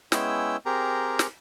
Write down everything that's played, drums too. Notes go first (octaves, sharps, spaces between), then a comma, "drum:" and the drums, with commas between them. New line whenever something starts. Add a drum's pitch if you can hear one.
G#3 B3 C#4 E4 G5 E6, drum: snare
C4 G4 G#4 A#4 A#5
drum: snare